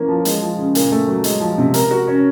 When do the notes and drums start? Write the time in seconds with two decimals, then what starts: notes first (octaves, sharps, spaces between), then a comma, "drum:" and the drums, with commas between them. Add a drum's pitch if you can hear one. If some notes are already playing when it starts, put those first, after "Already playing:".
Already playing: E3 A#3 C#4
0.08 F3
0.25 G#3, drum: hi-hat
0.41 F3
0.58 C#3
0.75 A#2, drum: hi-hat
0.91 A3
1.08 F#3
1.24 G#3, drum: hi-hat
1.40 F3
1.58 C3
1.74 A#4, drum: hi-hat
1.91 F#4
2.07 C#4